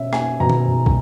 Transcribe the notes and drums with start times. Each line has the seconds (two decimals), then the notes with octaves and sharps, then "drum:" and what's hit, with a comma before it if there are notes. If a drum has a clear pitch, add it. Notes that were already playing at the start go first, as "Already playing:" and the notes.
Already playing: B2 C#4 E5
0.13 A#3 G#5, drum: rim click
0.40 B2 A#5
0.49 drum: tom D#3
0.68 B2
0.86 drum: kick